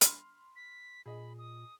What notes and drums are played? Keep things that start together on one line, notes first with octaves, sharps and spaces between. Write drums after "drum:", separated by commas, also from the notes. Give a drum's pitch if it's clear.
B5 C6 F6, drum: hi-hat
B6
A#2 G#4 D#5 B5
D#6